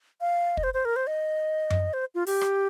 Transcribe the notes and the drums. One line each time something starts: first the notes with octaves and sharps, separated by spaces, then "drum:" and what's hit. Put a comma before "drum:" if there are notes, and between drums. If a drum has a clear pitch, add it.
F5
D#5, drum: kick
C5
C5
A#4
C5
D#5
drum: tom F#2
C5
F4
G4, drum: open hi-hat
drum: rim click